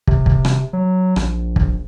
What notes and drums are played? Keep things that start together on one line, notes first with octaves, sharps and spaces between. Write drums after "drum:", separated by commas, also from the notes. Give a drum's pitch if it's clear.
C3, drum: kick
drum: kick
drum: rim click
F#3
A#1, drum: rim click
drum: kick